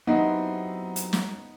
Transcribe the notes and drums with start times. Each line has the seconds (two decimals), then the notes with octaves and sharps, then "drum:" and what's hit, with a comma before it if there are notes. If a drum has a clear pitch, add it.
0.07 F#3 B3 C4 D#4 E4 G4 C5
0.96 drum: hi-hat
1.13 drum: snare